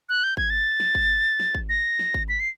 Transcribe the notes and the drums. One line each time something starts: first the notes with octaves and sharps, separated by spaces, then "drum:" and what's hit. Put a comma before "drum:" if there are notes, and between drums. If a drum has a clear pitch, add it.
F#6
G6
G#6, drum: kick G#1
A6
drum: snare
drum: kick G#1
drum: snare
drum: kick G#1
A#6
drum: snare
drum: kick G#1
B6
C7